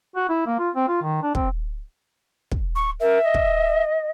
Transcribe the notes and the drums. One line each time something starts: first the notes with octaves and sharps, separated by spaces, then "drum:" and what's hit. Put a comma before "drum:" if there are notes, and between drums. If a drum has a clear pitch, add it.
F#4
E4
A#3
F4
C4
F4
D#3
D4
C4, drum: kick
drum: kick
C#6
A#4 E5
D#5
drum: kick